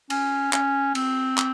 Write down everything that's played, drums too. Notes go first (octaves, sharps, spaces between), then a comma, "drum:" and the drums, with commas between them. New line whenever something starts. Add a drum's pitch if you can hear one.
C#4, drum: cymbal
C#4, drum: clap
C4, drum: cymbal
drum: clap